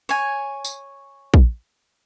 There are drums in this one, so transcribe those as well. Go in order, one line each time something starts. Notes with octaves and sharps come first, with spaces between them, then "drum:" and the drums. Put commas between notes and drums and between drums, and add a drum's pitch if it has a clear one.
C#5 G#5
drum: tambourine
drum: kick